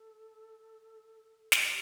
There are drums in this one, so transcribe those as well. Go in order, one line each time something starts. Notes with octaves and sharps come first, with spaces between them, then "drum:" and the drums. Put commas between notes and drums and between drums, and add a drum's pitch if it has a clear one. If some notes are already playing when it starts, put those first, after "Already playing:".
Already playing: A4
G4, drum: snare